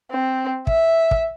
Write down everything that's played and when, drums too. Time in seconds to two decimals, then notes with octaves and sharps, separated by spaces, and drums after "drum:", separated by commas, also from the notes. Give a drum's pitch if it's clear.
0.11 C4
0.67 E5, drum: kick
1.11 drum: kick